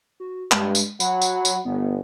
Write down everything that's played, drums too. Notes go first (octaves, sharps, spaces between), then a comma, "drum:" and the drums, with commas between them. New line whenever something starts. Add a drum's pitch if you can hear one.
F#4
G2 G#3, drum: clap
drum: tambourine
F#3 F#5 B5, drum: tambourine
drum: tambourine
drum: tambourine
G1 B3